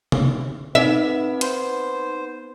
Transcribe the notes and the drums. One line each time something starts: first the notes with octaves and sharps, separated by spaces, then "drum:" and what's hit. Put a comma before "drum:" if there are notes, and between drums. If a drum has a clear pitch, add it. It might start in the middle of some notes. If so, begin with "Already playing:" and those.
drum: tom C3
B3 C4 D#4 E5
C5, drum: hi-hat